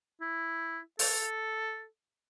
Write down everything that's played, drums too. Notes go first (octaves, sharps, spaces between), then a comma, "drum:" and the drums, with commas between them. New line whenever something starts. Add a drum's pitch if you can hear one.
E4
A4, drum: open hi-hat